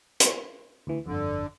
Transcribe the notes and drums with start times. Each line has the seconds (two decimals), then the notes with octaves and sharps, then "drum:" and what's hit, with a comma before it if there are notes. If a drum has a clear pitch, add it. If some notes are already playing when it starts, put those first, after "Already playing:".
0.20 drum: hi-hat
0.87 D2 E3
1.06 G1 F2 D3